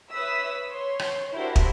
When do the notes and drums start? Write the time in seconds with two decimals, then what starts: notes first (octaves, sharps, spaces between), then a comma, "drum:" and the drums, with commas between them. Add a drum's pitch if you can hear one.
0.12 B4 C#5 E5 D#6 E6 B6
0.71 C#5 C6
0.99 drum: rim click
1.34 D4 E4 F#4 G4 A#4 C5
1.56 drum: kick